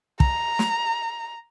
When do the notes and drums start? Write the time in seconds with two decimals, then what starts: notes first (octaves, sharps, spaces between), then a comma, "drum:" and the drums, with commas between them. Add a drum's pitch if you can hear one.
0.20 A#5, drum: kick
0.59 drum: snare